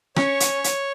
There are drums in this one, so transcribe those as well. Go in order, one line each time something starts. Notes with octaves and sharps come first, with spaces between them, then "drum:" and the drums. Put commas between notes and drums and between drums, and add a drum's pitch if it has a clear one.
C#4 C#5, drum: rim click
drum: hi-hat
drum: hi-hat